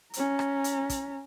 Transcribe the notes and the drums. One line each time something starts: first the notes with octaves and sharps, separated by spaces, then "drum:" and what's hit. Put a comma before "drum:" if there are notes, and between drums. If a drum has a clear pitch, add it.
C#4 A#5, drum: hi-hat
drum: rim click
drum: hi-hat
drum: kick, hi-hat